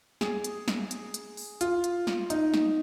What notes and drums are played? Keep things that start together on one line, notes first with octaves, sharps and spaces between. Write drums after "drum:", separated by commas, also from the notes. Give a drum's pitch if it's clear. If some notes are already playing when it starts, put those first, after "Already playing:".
G#4, drum: snare
drum: hi-hat
drum: snare
drum: hi-hat
drum: hi-hat
drum: open hi-hat
F4, drum: hi-hat
drum: hi-hat
drum: snare
D#4, drum: hi-hat
drum: snare